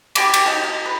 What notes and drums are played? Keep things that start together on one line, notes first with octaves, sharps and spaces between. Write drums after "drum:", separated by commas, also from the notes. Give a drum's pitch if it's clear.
G4 G#5 B5 D6, drum: cymbal
drum: cymbal
D#4 A5
D#5
B4